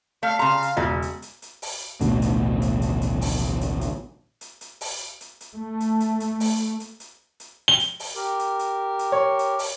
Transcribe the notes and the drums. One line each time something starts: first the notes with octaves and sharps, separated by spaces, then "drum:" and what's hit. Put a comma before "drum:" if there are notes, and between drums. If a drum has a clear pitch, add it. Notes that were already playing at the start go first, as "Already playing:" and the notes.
A3 F5
C#3 A#5 C6
drum: hi-hat
E1 C#3
drum: hi-hat
drum: hi-hat
drum: hi-hat
drum: open hi-hat
A1 D2 B2 D3, drum: hi-hat
drum: hi-hat
drum: hi-hat
drum: hi-hat
drum: hi-hat
drum: open hi-hat
drum: hi-hat
drum: hi-hat
drum: hi-hat
drum: hi-hat
drum: open hi-hat
drum: hi-hat
drum: hi-hat
A3
drum: hi-hat
drum: hi-hat
drum: hi-hat
drum: open hi-hat
drum: hi-hat
drum: hi-hat
drum: hi-hat
G7
drum: hi-hat
drum: open hi-hat
G4 A#4
drum: hi-hat
drum: hi-hat
drum: hi-hat
C#5
drum: hi-hat
drum: open hi-hat